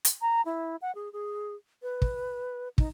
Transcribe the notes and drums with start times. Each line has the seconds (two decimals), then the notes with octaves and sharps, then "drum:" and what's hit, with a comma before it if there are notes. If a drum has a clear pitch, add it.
0.05 drum: hi-hat
0.21 A#5
0.45 E4
0.82 F#5
0.95 G#4
1.13 G#4
1.82 B4
2.02 drum: kick
2.78 D#4, drum: kick